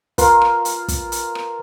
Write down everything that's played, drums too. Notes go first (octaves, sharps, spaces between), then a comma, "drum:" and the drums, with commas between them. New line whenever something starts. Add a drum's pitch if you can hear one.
F4 A#4 B4 F5, drum: kick, hi-hat
drum: rim click
drum: hi-hat
drum: kick, hi-hat
drum: hi-hat
drum: rim click